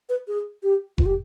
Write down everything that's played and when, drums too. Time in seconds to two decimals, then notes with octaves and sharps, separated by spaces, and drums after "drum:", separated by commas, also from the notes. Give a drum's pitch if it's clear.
0.09 B4
0.28 G#4
0.63 G4
0.98 F4, drum: kick F1
1.06 G4